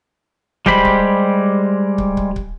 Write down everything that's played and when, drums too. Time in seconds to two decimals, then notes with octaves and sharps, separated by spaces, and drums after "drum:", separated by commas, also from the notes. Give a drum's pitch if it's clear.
0.66 G3 G#3 G4 C5 B5, drum: kick
0.85 drum: kick
1.98 drum: kick
2.17 drum: kick
2.36 drum: kick